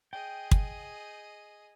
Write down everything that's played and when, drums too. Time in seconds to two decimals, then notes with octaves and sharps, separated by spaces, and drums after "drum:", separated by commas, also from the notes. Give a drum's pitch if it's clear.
0.13 G#4 D#5 G5
0.51 drum: kick